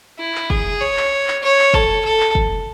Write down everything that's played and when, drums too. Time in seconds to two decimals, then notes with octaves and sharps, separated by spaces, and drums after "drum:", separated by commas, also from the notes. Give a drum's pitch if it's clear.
0.19 E4
0.34 drum: clap
0.50 G#4, drum: kick
0.81 C#5
0.96 drum: clap
1.27 drum: clap
1.43 C#5
1.58 drum: clap
1.74 A4, drum: kick
2.04 A4
2.20 drum: clap
2.35 drum: kick